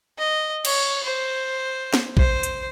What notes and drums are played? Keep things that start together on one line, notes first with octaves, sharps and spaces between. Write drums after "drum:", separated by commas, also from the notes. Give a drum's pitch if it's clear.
D#5
C#5, drum: cymbal
C5
drum: snare
C5, drum: kick
drum: hi-hat